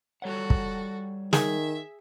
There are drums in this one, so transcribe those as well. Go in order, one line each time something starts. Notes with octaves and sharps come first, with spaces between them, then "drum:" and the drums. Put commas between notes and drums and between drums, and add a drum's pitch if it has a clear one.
G3 F#4 A4 C#5 F#5
drum: kick
D#3 G#4 E5, drum: snare